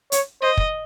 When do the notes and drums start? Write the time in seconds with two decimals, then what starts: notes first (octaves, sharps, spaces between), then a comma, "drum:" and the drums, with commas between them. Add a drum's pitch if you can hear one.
0.12 C#5, drum: hi-hat
0.41 C5 D#5
0.57 drum: kick